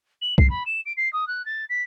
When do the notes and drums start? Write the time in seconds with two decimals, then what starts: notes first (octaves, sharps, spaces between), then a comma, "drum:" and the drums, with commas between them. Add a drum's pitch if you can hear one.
0.21 F#7
0.38 C7, drum: kick
0.50 B5
0.66 E7
0.86 D7
0.97 C7
1.13 D#6
1.28 F#6
1.45 A6
1.69 B6